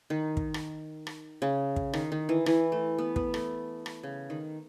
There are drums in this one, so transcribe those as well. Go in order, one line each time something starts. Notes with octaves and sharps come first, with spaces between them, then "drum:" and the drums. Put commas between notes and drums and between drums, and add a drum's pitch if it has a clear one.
D#3
drum: kick
drum: rim click
drum: rim click
C#3
drum: kick
D#3, drum: rim click
D#3
E3
E3, drum: rim click
A3
B3
B3, drum: kick
A3, drum: rim click
drum: rim click
C#3
D#3